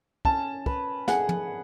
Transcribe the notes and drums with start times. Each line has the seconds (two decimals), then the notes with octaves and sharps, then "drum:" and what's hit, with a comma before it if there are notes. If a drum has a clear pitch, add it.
0.25 C#4 A5, drum: kick
0.66 B4, drum: kick
1.08 G#4 F#5, drum: snare
1.29 drum: tom